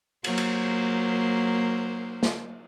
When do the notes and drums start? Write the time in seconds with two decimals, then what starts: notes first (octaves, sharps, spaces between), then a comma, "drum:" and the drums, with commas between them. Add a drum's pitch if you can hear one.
0.24 F#3 A#3 C5, drum: cymbal
0.37 drum: cymbal
2.23 drum: snare